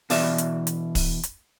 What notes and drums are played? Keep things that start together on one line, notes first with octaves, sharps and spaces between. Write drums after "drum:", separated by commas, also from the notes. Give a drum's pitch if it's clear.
B2 E3 D5 E5, drum: open hi-hat
drum: hi-hat
drum: hi-hat
drum: kick, open hi-hat
drum: hi-hat